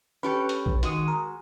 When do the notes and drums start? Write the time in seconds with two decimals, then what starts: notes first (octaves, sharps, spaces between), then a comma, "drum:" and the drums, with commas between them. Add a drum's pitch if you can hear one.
0.23 C#4 G4 A4 B4
0.49 drum: hi-hat
0.66 drum: kick
0.83 D#3 G#3 F#4 D#6, drum: hi-hat
1.08 A#4